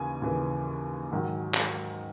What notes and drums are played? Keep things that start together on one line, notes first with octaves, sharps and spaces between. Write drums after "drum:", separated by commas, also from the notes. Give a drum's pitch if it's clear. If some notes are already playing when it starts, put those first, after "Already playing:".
Already playing: D#2 C#3 E3 G#5
D#2 C#3 E3
G#2 D#3 F#3
drum: clap